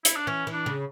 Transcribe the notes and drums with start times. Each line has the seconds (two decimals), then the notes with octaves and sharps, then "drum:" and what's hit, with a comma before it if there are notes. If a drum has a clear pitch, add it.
0.05 E4, drum: hi-hat
0.16 D4
0.27 E3 C#4
0.47 E3
0.53 D4
0.66 C#3